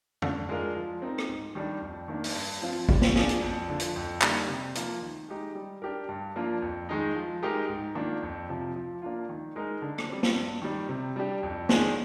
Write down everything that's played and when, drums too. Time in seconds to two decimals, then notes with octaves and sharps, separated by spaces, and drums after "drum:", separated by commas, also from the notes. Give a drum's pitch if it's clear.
0.22 D3, drum: tom F2
0.49 G#3 D4 F4 A#4
0.76 F3
1.02 C4 D#4 A#4
1.18 drum: rim click
1.29 G#2
1.55 D#3 G3 D4 G4
1.81 F2
2.08 D#3 A#3 D4
2.24 drum: open hi-hat
2.35 G2
2.62 F3 C4 F4
2.89 G3, drum: kick G#1
3.02 drum: snare
3.16 D4 F4 G#4, drum: snare
3.29 drum: hi-hat
3.42 F2
3.69 D3 F3
3.80 drum: hi-hat
3.96 F2
4.22 D3 G3 A#3 D#4, drum: clap
4.49 C3
4.75 F3 A#3, drum: hi-hat
5.02 D#3
5.29 G#3 D#4 G4
5.55 G3
5.82 D4 G4 A#4
6.09 G2
6.36 F3 A#3 D4 F4
6.62 F2
6.89 D#3 G#3 D#4
7.15 F3
7.43 G#3 D#4 G4 A#4
7.69 G#2
7.95 D#3 A#3 D4 F4
8.22 F2
8.49 C3 F3
8.76 F3
9.02 A#3 D4 F4
9.29 D#3
9.56 G#3 D#4 A#4
9.82 D3
9.98 drum: rim click
10.09 G3 C4
10.23 drum: snare
10.35 G2
10.62 D#3 G3
10.89 C3
11.16 G3 D4 G4
11.43 F2
11.69 D#3 G#3 D4 G#4, drum: snare